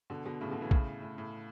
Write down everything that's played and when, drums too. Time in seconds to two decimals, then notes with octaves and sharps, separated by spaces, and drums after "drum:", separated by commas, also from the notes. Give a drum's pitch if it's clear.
0.10 B2 D3
0.26 B2 D3
0.41 A2 C#3
0.51 B2 D3
0.61 C#3 E3
0.71 A2 C#3, drum: kick
1.02 A2
1.18 A2